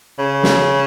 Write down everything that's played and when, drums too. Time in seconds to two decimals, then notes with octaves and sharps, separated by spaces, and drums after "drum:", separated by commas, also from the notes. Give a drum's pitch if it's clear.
0.18 C#3
0.43 drum: snare